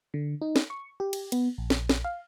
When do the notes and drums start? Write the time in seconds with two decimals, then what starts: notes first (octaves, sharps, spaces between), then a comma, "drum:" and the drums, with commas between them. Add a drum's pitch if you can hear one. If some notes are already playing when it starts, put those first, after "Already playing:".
0.14 D3
0.42 D#4
0.56 drum: snare
0.70 C#6
1.00 G4
1.13 drum: cymbal
1.32 B3, drum: cymbal
1.58 A#1
1.70 drum: snare
1.89 drum: snare
2.05 F5